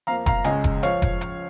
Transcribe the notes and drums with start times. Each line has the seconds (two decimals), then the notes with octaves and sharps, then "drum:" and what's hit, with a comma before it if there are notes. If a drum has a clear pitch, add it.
0.07 F2 F3 A#3 F5 A#5
0.26 F5 A#5, drum: kick F1, hi-hat
0.44 C#2 C#3 G#3 C#4 D#5 G#5, drum: hi-hat
0.64 drum: kick F1, hi-hat
0.83 F3 C#5 F5, drum: hi-hat
1.02 drum: kick F1, hi-hat
1.21 drum: hi-hat